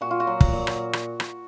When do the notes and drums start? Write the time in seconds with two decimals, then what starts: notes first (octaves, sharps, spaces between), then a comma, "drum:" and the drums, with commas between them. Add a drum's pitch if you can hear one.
0.01 A#2 F#4
0.11 F4
0.20 F#4
0.27 F#3
0.41 drum: kick
0.53 A#2
0.67 drum: rim click
0.93 drum: rim click
1.20 drum: rim click